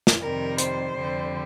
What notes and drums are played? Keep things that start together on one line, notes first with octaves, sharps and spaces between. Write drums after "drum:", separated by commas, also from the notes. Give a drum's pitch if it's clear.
drum: snare
F2 C3 D#3 G3 A#4
C5, drum: hi-hat
F2 D3 G3